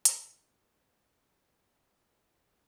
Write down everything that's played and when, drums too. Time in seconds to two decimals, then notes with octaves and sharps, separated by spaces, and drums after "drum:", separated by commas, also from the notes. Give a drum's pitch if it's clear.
0.05 C5, drum: hi-hat
0.48 A4
0.61 B3
0.91 E4
1.13 A#4
1.32 A3
1.57 F3
1.83 F5
2.04 F3
2.20 C#4
2.50 G5